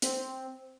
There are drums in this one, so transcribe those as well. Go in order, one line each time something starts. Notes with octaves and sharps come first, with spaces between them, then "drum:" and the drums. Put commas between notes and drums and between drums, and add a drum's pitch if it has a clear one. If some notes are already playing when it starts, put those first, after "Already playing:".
C4, drum: hi-hat